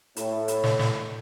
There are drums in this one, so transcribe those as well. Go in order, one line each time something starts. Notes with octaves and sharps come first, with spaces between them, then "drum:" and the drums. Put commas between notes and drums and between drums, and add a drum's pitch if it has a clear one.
A2, drum: hi-hat
drum: hi-hat
drum: snare
drum: snare